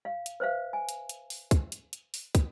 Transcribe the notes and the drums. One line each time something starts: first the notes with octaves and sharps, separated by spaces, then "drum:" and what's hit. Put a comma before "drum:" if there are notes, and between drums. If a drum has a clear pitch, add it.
F5
drum: hi-hat
B4 C5 E5 F5
G#5
drum: hi-hat
drum: hi-hat
drum: open hi-hat
drum: kick, hi-hat
drum: hi-hat
drum: hi-hat
drum: open hi-hat
drum: kick, hi-hat